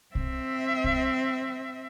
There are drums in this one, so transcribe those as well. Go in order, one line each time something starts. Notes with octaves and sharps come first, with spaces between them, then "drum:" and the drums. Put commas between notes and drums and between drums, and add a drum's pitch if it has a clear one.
C4 E5, drum: kick
drum: kick